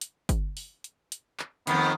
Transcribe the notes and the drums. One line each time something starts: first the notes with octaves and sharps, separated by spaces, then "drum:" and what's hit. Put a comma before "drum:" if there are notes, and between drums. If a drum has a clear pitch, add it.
drum: hi-hat
drum: kick, hi-hat
drum: open hi-hat
drum: hi-hat
drum: hi-hat
drum: clap
F2 A2 D#3 B3, drum: hi-hat